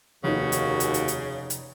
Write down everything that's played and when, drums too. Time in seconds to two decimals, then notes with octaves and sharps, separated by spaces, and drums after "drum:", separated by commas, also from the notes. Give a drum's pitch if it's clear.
0.24 F1 D#2 C#3 D#4 F#4
0.52 drum: hi-hat
0.80 drum: hi-hat
0.94 drum: hi-hat
1.08 drum: hi-hat
1.50 drum: hi-hat